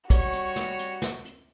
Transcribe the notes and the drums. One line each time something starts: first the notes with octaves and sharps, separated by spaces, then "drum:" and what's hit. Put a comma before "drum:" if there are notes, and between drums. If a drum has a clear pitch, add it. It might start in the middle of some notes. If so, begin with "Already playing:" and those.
G3 F#4 C#5, drum: kick, hi-hat
drum: hi-hat
drum: snare
drum: hi-hat
drum: snare
drum: hi-hat